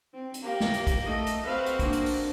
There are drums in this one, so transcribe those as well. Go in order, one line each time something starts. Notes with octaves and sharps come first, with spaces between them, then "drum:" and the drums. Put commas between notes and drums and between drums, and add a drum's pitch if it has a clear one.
C4
drum: hi-hat
A#3 G4
drum: snare
drum: hi-hat
drum: kick, hi-hat
A3 D#5
drum: hi-hat
C4 F#4 B4 F5
drum: hi-hat
A#3 D4, drum: kick, hi-hat
drum: hi-hat
drum: open hi-hat